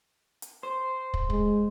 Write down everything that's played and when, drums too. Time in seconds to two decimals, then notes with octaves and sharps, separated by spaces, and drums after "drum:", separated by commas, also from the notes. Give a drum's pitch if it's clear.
0.42 drum: hi-hat
0.63 C5
1.14 drum: kick
1.30 G#3, drum: kick